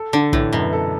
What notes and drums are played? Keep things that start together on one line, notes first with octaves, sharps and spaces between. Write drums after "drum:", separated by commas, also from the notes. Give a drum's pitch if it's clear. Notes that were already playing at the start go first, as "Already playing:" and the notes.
Already playing: A4
D3 D4
A2 E3, drum: kick
F#2 B2
A4